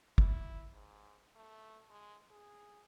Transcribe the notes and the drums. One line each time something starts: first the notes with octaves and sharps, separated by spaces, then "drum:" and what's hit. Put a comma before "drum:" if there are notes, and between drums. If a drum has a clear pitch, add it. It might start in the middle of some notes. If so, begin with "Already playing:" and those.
E4, drum: kick
G#2
A3
G#3
G#4